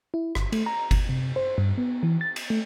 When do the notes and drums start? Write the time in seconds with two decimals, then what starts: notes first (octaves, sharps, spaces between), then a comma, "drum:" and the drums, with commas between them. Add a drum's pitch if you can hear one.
0.14 E4
0.35 G1, drum: rim click
0.52 A3, drum: cymbal
0.66 A#5
0.91 drum: kick G1, cymbal
1.09 C3
1.36 C5
1.58 G2
1.78 B3
2.03 E3
2.21 A6
2.36 drum: cymbal
2.50 A3